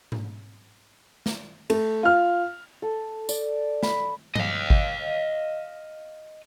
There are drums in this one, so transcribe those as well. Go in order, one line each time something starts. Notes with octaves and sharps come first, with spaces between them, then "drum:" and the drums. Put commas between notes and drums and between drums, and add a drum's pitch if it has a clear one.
drum: tom G#2
drum: snare
A3, drum: cymbal
F4 F6
A4
D5, drum: tambourine
B5, drum: snare
D#5 F5, drum: tom G2
drum: kick G#1